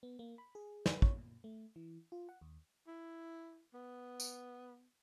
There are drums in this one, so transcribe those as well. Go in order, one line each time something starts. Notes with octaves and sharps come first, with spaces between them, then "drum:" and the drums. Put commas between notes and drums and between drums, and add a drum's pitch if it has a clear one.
B3
A#3
B5
G#4
B4, drum: snare
C#5, drum: kick
A#2
A3
E3
F4
F#5
D#2
E4
B3
drum: tambourine